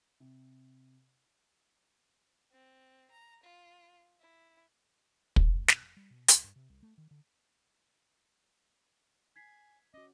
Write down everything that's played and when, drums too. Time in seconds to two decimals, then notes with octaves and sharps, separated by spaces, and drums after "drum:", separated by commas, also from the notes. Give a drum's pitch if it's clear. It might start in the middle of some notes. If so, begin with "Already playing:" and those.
0.20 C3
2.52 C4
3.11 A#5
3.44 F4
4.21 E4
5.36 drum: kick
5.55 G#2
5.68 B1, drum: snare
5.81 F1
5.97 G3
6.11 B2
6.28 C#2, drum: hi-hat
6.44 G2
6.56 C3
6.70 C2
6.83 A3
6.98 D#3
7.11 D3
9.36 G#5 G#6 B6 C7
9.94 C#4 F#4 D#5 D6